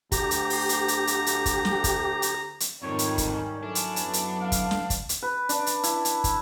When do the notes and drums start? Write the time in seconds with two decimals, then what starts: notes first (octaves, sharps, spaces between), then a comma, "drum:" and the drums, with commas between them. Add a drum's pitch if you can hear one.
0.12 D2 G4 A#5, drum: kick, hi-hat
0.31 drum: hi-hat
0.50 drum: open hi-hat
0.69 drum: hi-hat
0.88 drum: hi-hat
1.07 drum: hi-hat
1.26 drum: hi-hat
1.46 drum: kick, hi-hat
1.65 drum: snare
1.84 drum: kick, hi-hat
2.22 drum: hi-hat
2.60 drum: hi-hat
2.82 F2 G#2 D#3 G3 C#5
2.99 drum: hi-hat
3.18 drum: kick, hi-hat
3.31 C#4
3.63 F#3 D4 E4 A4
3.75 drum: hi-hat
3.96 F#2 B3, drum: hi-hat
4.13 drum: hi-hat
4.41 F5
4.52 drum: kick, hi-hat
4.71 drum: snare
4.90 drum: kick, hi-hat
5.09 drum: hi-hat
5.23 B4
5.49 D4, drum: hi-hat
5.67 drum: hi-hat
5.83 E4, drum: hi-hat
6.05 drum: hi-hat
6.24 drum: kick, hi-hat